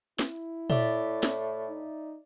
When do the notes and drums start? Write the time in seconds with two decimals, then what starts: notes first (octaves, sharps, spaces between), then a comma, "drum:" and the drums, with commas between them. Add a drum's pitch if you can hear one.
0.19 E4, drum: snare
0.70 A2 D5 E5 D6, drum: tom A#2
1.23 drum: snare
1.69 D#4